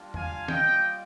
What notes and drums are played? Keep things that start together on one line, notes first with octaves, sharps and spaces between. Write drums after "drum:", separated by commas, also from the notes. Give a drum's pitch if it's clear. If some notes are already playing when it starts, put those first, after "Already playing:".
Already playing: G3 A#3 D4 F4
F5 G#5, drum: tom E2
G3 A#3 F4 D#5 G5, drum: snare